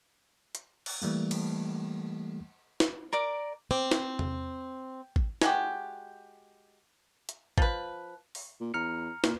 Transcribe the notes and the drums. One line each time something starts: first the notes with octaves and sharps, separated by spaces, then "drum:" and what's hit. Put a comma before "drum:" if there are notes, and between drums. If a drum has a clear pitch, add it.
drum: hi-hat
drum: cymbal
E3 G3 A3 A#3, drum: tambourine
drum: cymbal
drum: snare
A#4 D5 D6
C4 D6
drum: snare
drum: tom E2
drum: kick G#1
G#3 F#4 G4, drum: snare
drum: hi-hat
F3 B4, drum: kick G#1
drum: open hi-hat
A#2
E2 A#5 F6 C#7
A#2, drum: snare